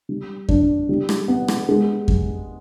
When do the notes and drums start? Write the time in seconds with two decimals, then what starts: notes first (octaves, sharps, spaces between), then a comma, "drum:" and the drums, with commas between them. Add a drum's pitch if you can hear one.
0.09 G3
0.49 D4, drum: kick F2
0.89 G3
1.09 drum: rim click
1.28 B3
1.48 drum: rim click
1.69 G#3
2.08 drum: kick F2